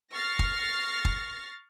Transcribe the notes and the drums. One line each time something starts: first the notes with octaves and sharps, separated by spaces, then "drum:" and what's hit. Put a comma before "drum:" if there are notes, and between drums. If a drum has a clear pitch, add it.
C#6 F6 A6 A#6 C7
drum: kick
drum: kick